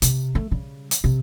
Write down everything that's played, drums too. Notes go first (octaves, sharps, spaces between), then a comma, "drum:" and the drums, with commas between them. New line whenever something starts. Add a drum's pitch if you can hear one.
C3, drum: hi-hat
A3
C#3 G3
drum: hi-hat
C3